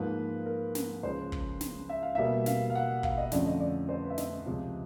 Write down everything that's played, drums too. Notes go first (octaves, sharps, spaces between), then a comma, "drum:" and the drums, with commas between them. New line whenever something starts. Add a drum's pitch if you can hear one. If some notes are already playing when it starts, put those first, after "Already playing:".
Already playing: G#2 F3 A#3 B4
A#4
drum: snare
C#2 C#3 F3 C5
drum: kick
drum: snare
E5
F5
B2 G3 A#3 E5
F5, drum: snare
F5
F#5
F5, drum: kick
D#5
F2 D3 F3 A3 C#4 D5, drum: snare
D#5
D5
C5
B4
E5
D#5, drum: snare
C#2 C3 F3